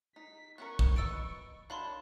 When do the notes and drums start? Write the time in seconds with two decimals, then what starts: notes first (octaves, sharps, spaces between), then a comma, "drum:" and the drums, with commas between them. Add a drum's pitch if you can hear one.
0.16 D#4 B6
0.58 B3 C#4 A#4 C#6 F#6
0.79 drum: kick
0.96 B4 D#5 E6 A6 D7
1.70 D#3 F#3 D4 F5 A5 B5 C6